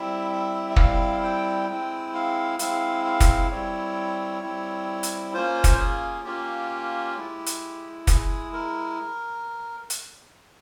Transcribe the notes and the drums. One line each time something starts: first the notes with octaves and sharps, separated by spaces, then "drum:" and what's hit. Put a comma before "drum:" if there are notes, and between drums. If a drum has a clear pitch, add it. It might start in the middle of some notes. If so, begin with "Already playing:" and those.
Already playing: G3 C4 E4 E5
E5
E5
G3 C4 E4 F5, drum: kick
G5
G#3 C4 E4 G5
F5
G#3 C4 E4 F5, drum: hi-hat
F5
drum: kick, hi-hat
G3 C4 E4 C#5
G3 C4 E4
drum: hi-hat
A#3 C#4 F4 C5
drum: kick, hi-hat
G#4
A#3 C#4 F4 G4
G#3 E4
drum: hi-hat
G#3 E4 G#4, drum: kick, hi-hat
A#4
drum: hi-hat